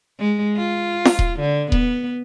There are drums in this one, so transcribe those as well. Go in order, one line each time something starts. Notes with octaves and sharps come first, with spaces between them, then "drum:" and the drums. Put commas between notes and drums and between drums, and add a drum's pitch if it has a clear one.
G#3
F4
drum: snare
drum: kick D#1
D3
B3, drum: kick D#1